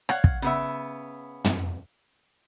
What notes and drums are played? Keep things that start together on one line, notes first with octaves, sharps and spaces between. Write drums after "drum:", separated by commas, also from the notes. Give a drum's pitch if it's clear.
C#5 F5 F#5, drum: rim click
drum: kick
C#3 B3 E5
drum: tom